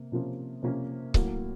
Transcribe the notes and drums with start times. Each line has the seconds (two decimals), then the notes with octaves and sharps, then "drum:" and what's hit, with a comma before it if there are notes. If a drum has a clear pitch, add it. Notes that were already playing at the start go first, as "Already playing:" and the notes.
Already playing: C3 A#3
0.12 C3 F3 A#3 C#4
0.63 C3 F3 A#3 C#4
1.14 A2 F#3 A#3, drum: kick C#1